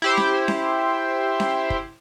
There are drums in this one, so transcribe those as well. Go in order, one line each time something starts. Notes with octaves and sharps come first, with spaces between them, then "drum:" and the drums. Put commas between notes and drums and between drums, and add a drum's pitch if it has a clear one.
E4 G4 C5
drum: snare C#4
drum: snare C#4
drum: snare C#4
drum: kick